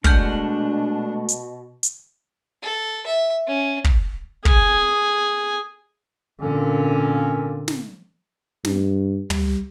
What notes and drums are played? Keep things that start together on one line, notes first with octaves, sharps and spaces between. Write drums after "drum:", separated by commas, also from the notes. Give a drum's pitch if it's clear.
B2 G#3 A3 D4 F#5 F6 G6, drum: kick
drum: hi-hat
drum: hi-hat
A4
E5
C#4
drum: kick
G#4 G#5, drum: kick
A#2 D3 A#3 C4 C#4
drum: snare
G2, drum: snare
G3, drum: tom